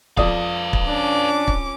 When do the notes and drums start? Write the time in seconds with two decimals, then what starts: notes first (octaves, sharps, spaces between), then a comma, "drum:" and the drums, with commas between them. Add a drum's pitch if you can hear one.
0.17 F2 B4 D5 F5 D#6, drum: kick
0.73 drum: kick
0.89 C#4 D4 D6
1.48 drum: kick